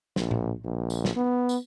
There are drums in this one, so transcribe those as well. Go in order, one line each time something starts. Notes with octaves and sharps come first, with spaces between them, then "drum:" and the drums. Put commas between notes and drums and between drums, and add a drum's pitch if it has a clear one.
A#1, drum: snare
drum: tom A2
A#1
drum: tambourine
drum: snare
B3
drum: tambourine